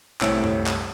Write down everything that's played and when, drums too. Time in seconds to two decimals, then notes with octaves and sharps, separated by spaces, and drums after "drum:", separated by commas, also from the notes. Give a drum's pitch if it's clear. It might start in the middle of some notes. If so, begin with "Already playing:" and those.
0.21 C2 A2 C4 C#5 E6 D7, drum: clap
0.44 drum: tom F#2
0.66 drum: clap